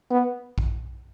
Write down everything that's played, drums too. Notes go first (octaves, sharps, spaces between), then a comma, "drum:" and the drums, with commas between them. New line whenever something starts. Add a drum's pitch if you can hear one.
B3
drum: kick